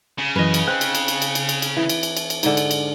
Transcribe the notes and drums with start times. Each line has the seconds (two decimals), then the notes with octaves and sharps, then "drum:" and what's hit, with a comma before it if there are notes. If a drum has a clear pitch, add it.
0.18 C#3
0.36 F#2 E3 B4 D#5
0.54 drum: cymbal
0.68 C4 F#6
0.81 drum: cymbal
0.95 drum: cymbal
1.08 drum: cymbal
1.22 drum: cymbal
1.35 drum: cymbal
1.49 drum: cymbal
1.62 drum: cymbal
1.77 E3
1.89 drum: cymbal
2.03 drum: cymbal
2.17 drum: cymbal
2.30 drum: cymbal
2.43 G#2 D3, drum: cymbal
2.57 drum: cymbal
2.71 drum: cymbal